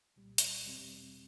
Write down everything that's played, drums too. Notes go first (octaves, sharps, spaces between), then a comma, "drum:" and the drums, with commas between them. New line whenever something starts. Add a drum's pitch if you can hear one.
C2 A#2 G3
drum: hi-hat
E2 B2 G3 C4